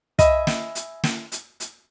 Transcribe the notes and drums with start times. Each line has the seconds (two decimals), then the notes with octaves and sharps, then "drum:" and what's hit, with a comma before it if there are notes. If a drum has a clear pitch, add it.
0.19 D#5 E5 G#5 B5, drum: kick, hi-hat
0.47 drum: snare
0.75 drum: hi-hat
1.03 drum: snare
1.32 drum: hi-hat
1.60 drum: hi-hat